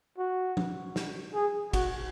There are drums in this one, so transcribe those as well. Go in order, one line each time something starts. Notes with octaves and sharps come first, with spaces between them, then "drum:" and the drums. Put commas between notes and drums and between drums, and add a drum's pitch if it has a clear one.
F#4
drum: tom F3
drum: snare
G#4
F#4, drum: kick, cymbal